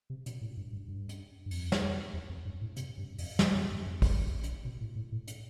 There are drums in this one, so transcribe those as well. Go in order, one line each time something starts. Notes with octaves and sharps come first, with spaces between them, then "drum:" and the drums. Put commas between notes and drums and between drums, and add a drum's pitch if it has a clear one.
C3
B2, drum: hi-hat
A2
G2
G2
G2
drum: hi-hat
G2
F2, drum: open hi-hat
drum: snare
E2
F2
G2
A2
C3, drum: hi-hat
G2
F2, drum: open hi-hat
E2, drum: snare
F2
G2
F2
drum: kick, open hi-hat
drum: hi-hat
B2
A2
A2
A2
drum: hi-hat